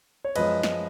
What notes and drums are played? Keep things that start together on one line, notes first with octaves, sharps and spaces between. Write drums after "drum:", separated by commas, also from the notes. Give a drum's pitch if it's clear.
C#5
F#2 F3 G#3 B4 D#5, drum: cymbal
drum: snare